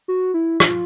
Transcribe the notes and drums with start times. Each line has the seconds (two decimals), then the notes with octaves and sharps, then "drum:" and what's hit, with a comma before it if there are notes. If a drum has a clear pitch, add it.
0.08 F#4
0.34 E4
0.60 F4, drum: rim click